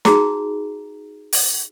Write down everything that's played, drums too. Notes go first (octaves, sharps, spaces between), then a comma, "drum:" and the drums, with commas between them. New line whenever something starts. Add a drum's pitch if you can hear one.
D#4 F#4 G#4 A#5, drum: snare
drum: open hi-hat